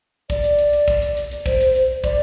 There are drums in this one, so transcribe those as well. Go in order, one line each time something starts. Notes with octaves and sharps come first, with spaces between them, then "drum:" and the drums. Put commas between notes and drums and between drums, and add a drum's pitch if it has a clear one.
D5, drum: kick, hi-hat
drum: hi-hat
drum: hi-hat
drum: hi-hat
drum: kick, hi-hat
drum: hi-hat
drum: hi-hat
drum: hi-hat
C5, drum: kick, hi-hat
drum: hi-hat
drum: hi-hat
D5, drum: kick, hi-hat